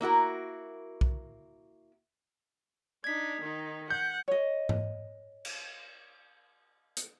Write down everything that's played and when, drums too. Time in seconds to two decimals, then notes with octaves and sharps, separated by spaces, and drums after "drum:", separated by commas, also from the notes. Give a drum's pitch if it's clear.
0.01 A#3 E4 F#4 A#4
1.01 drum: kick B1
3.04 D4 D#4 G#6 B6
3.42 D#3 D#4
3.90 F#5 G6
4.28 C#5 D#5
4.69 drum: tom G#2
5.45 drum: cymbal
6.97 drum: hi-hat